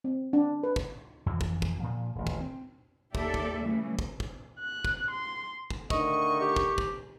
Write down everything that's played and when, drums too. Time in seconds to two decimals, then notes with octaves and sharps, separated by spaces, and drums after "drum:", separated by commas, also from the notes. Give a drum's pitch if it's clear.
0.04 C4
0.33 D4
0.63 B4
0.76 drum: kick
1.26 F2 E3
1.41 drum: kick
1.62 drum: kick
1.79 A#2 F3
2.15 D#1 A1
2.27 drum: kick
2.41 C4
3.15 D#2 G4 A4 D5 E5, drum: kick
3.34 drum: kick
3.62 C#3 E3 G3 A3
3.99 drum: kick
4.20 drum: kick
4.60 F#6
4.85 drum: kick
5.10 C6
5.70 drum: kick
5.90 D3 D#3 A3 D#5 C#6, drum: kick
6.41 G4
6.56 drum: kick
6.78 drum: kick